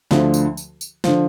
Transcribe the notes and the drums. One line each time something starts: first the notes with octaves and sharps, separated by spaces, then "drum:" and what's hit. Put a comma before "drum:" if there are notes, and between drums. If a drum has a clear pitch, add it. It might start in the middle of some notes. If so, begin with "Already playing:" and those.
D2 D3 F3, drum: snare
drum: tambourine
drum: tambourine
drum: tambourine
D3 F3, drum: snare